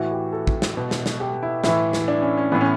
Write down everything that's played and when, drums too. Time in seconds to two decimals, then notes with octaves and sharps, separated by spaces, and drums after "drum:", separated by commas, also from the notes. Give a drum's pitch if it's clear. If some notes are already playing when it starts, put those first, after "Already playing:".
Already playing: A2 E3 F#4
0.11 G4
0.32 A4
0.47 drum: kick
0.62 drum: snare
0.77 B2
0.91 drum: snare
1.06 drum: snare
1.20 G4
1.43 E4
1.64 A2 E3 E4, drum: snare
1.93 drum: snare
2.08 D4
2.22 C#4
2.37 C#4
2.52 A2 E3 B3
2.61 C#4